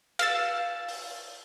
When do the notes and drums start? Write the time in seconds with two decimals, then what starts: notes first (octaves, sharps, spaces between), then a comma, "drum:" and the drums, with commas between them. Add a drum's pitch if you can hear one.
0.19 F5 E6 A6, drum: cymbal
0.88 drum: open hi-hat